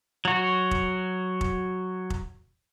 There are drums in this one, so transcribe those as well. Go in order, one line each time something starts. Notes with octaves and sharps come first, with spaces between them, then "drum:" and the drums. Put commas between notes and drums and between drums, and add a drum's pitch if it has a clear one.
F#3 F#4
drum: kick F1
drum: kick F1
drum: kick F1